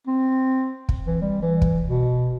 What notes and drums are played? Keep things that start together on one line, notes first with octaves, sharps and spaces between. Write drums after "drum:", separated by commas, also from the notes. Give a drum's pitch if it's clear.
C4
drum: kick
E3
G3
E3
drum: kick
B2